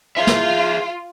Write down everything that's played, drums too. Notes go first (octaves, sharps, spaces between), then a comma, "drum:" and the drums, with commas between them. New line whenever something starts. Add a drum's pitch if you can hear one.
F4 G#4 E5
drum: snare